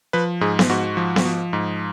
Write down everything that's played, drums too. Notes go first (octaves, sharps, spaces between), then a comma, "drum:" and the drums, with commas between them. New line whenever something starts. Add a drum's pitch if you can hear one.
F3 B4
G#2 G#4
drum: snare B3
G#2 F#4
F3
drum: snare B3
F3
G#2